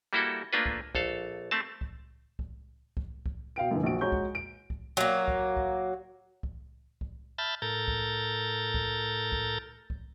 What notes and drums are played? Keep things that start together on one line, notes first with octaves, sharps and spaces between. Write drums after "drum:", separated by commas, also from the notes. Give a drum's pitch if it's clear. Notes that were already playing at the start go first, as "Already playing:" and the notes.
G3 A#3 E4 F#4 A4
A3 A#3 D4 F4 B4
drum: kick C2
A#1 A4 F5, drum: kick C2
A3 C4 A5
drum: kick C2
drum: kick C2
drum: kick C2
drum: kick C2
B2 F5 G5 D7
F#2 D3 E3
A#1 F#4 D7
G#3 F#4 C#5 A#5 C#6 G6
drum: kick C2
D7
drum: kick C2
F#3 A#3
drum: kick C2
drum: kick C2
drum: kick C2
drum: kick C2
E5 A5 B5 F6 G6 A6
A2 A4 A#4 A#5 G6 A6
drum: kick C2
drum: kick C2
drum: kick C2
drum: kick C2